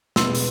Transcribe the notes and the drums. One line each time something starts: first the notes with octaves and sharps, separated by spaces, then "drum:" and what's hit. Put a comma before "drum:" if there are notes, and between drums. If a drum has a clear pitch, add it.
E1 E2 B2 G#3 B3 C6 E6, drum: snare
drum: open hi-hat